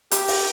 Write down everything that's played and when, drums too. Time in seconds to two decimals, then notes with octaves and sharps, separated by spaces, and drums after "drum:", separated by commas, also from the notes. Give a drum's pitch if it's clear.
0.11 G4, drum: hi-hat
0.28 drum: open hi-hat